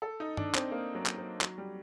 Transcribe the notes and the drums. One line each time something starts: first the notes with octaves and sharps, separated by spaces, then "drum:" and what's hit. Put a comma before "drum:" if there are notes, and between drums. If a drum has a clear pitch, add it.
A4
D#4
D4, drum: tom G2
C4, drum: clap
A#3
F#3
drum: clap
F#3
F#3, drum: clap
G3